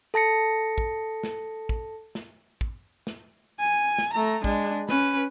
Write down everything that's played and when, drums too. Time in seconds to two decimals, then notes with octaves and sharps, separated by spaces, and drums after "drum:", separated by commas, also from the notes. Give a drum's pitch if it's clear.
0.14 A4 A5 A#6 C#7
0.78 drum: kick
1.24 drum: snare
1.69 drum: kick
2.15 drum: snare
2.61 drum: kick
3.07 drum: snare
3.60 G#5
3.98 drum: snare
4.14 A3 A#5
4.44 G#3 D4, drum: kick
4.89 C#4 B4, drum: snare